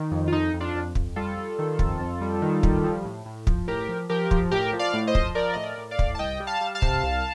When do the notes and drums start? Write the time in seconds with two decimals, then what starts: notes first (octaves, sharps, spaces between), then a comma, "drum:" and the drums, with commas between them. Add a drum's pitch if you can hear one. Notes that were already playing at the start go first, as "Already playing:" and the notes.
Already playing: D#3
0.11 F2
0.28 F4
0.32 F2 D#4
0.54 F2
0.60 D4 F4
0.74 F2
0.95 F2, drum: kick
1.16 G3 F4 A4
1.37 G3
1.59 D#3
1.79 F2, drum: kick
2.00 F2
2.21 G3
2.42 D#3
2.63 G3, drum: kick
2.84 F3
3.05 A2
3.25 A2
3.47 F3, drum: kick
3.67 A2 G4 A#4
3.88 F3
4.09 F3 G4 A#4
4.31 F3, drum: kick
4.51 A2 G4 A#4
4.73 F3
4.79 D5 F5
4.93 A2
5.07 C5 D#5
5.15 F3, drum: kick
5.35 F3 A#4 D5
5.54 A2 D#5
5.63 A#4 D5
5.77 A2
5.91 D5 F5
5.99 A2, drum: kick
6.15 A5
6.19 C2 D#5 G5
6.40 G3
6.47 F5 A5
6.61 G3
6.75 F5 A5
6.82 C3, drum: kick
7.03 C2